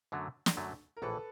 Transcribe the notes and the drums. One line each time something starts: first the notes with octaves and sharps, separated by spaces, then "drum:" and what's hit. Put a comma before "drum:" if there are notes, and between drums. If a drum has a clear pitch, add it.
F#2 D3 F#3 A3
drum: snare
F#2 D3 F#3 A3
A#4
A#1 A2 E3 A4 B4